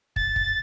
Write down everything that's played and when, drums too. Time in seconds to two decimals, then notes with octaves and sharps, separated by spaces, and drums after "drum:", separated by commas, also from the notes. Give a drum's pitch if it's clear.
0.16 A6, drum: kick
0.36 drum: kick